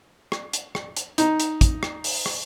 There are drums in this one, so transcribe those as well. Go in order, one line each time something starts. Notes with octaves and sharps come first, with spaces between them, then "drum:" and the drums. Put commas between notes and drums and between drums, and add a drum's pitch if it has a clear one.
drum: rim click
drum: hi-hat
drum: rim click
drum: hi-hat
D#4, drum: hi-hat
drum: hi-hat
drum: kick, hi-hat
drum: rim click
drum: open hi-hat
drum: rim click